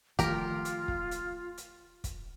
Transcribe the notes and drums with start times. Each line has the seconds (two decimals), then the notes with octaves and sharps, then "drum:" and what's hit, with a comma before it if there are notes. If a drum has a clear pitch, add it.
0.19 D#3 F3 A3 F4 G4 A#4, drum: kick, hi-hat
0.65 drum: hi-hat
0.88 drum: kick
1.11 drum: hi-hat
1.58 drum: hi-hat
2.04 drum: kick, hi-hat